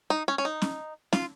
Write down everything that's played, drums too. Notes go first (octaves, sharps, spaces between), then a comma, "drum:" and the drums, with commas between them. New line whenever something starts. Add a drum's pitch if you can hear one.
D#4
C#4
C#4
D#4
drum: snare C#4
F4, drum: snare C#4